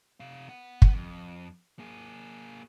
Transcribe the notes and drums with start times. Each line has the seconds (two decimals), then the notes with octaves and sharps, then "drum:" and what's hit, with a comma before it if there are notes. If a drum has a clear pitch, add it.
0.20 C3 F5
0.49 B3 F#5
0.82 drum: kick
0.95 F2
1.79 A#3 G#4